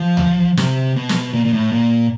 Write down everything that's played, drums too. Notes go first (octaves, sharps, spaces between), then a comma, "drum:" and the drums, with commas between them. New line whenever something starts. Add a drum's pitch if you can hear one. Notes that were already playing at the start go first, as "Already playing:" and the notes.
Already playing: F3
drum: tom C#2
C3, drum: snare
B2
drum: snare
A#2
A#2
A2
A#2